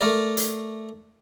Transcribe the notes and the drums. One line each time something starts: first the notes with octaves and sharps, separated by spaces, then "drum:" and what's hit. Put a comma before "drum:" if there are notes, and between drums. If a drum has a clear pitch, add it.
A3 A#4 D5
drum: hi-hat